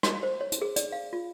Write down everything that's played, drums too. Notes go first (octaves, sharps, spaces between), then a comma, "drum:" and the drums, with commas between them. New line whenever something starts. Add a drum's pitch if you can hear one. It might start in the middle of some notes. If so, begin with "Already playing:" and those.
drum: rim click
C5
C#5
drum: hi-hat
G#4
D5, drum: hi-hat
F5
F4